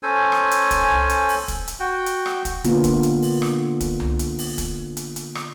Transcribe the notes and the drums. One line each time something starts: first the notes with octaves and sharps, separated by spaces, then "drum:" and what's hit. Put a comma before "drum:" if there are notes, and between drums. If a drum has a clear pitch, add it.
C#4 A4 C5 G#5
drum: rim click
drum: hi-hat
drum: kick, hi-hat
drum: tom C2
drum: hi-hat
drum: open hi-hat
drum: kick, hi-hat
drum: hi-hat
F#4 G5
drum: hi-hat
drum: rim click
drum: kick, hi-hat
D3 A#3 B3 F4, drum: hi-hat
drum: kick, hi-hat
drum: hi-hat
drum: open hi-hat
drum: rim click
drum: kick, hi-hat
drum: tom C2
drum: hi-hat
drum: open hi-hat
drum: kick, hi-hat
drum: hi-hat
drum: hi-hat
drum: rim click